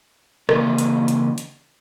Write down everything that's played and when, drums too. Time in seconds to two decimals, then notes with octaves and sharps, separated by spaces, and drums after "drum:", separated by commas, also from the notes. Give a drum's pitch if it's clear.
0.49 C#3 E3 A#3 G#4 D5 D#5, drum: rim click
0.78 drum: hi-hat
1.08 drum: hi-hat
1.38 drum: hi-hat